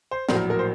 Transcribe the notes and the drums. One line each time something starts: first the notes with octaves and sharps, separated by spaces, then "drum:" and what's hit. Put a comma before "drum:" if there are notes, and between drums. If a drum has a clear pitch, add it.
C5
A#1 A2 F#3 A#3 C5, drum: snare
A#4
A#4
C5